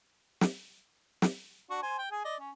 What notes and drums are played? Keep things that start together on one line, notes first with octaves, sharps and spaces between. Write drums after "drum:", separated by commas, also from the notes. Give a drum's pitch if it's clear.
drum: snare
drum: snare
D4 F#4
C5 G#5
G5
G#4 G#5
D5 D#5
C#4